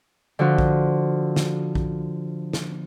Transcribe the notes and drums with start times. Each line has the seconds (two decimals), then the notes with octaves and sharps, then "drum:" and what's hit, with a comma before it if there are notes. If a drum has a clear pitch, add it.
0.39 D3 F3 F#4
0.58 drum: kick A#1
1.36 drum: snare
1.75 drum: kick A#1
2.53 drum: snare